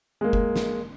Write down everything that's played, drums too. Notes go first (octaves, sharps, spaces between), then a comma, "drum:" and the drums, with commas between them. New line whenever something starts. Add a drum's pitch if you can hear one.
G#3 A#3
drum: kick F#1
drum: snare